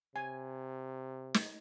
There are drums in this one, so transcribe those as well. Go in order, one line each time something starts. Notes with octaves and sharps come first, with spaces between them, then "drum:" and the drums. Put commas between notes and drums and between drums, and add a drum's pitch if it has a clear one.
C3 G#5
drum: snare